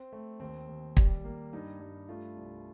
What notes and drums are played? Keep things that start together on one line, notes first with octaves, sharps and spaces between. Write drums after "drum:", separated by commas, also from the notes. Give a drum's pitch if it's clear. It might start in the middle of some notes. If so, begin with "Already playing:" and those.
Already playing: C4
A3
D#2 C4
D#2
G3, drum: kick
A#3
G2 D#4
G2
A3 F4
C2